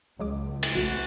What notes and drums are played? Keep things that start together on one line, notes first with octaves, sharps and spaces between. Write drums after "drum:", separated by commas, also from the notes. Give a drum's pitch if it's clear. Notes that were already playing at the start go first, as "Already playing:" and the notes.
C#2 F#3 G#3 D6
drum: cymbal
A#1 A3 F#4